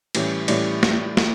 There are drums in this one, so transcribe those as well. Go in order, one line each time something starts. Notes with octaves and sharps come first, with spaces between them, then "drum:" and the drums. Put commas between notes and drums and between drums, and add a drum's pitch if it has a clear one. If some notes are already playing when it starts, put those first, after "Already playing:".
A2 E3 G3 C#4, drum: cymbal
A2 E3 G3 C#4 D5, drum: cymbal
drum: snare
drum: snare